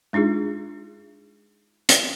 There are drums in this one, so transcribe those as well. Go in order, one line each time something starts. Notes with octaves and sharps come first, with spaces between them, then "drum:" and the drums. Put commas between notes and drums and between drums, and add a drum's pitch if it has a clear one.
G#3 D4 D#4 F4 G#4
drum: hi-hat